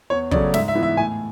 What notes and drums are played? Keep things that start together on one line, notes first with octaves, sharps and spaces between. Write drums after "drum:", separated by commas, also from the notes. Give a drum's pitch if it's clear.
E2 C#5
C#3 F#3 A3 D5, drum: kick
G#2 E5, drum: snare
E5
E3 B3
E5
A2 G#5